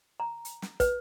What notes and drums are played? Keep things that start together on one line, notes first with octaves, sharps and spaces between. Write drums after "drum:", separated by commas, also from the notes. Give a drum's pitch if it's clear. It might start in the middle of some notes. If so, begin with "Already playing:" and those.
A#5
drum: hi-hat
drum: snare
B4, drum: kick, hi-hat